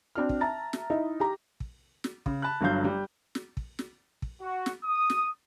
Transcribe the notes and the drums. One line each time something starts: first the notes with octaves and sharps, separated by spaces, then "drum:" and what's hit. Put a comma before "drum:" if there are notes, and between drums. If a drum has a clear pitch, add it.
C4 D4 F#4 F6
drum: kick
E5 A5 A#5 A6
drum: snare
D#4 E4 D#5 E5
G4 A#5
drum: kick
drum: snare
C#3, drum: kick
A5 B5 F#6
G1 G2 F#3 F5 G6
G3
drum: snare
drum: kick
drum: snare
drum: kick
F#4
drum: snare
D#6
drum: snare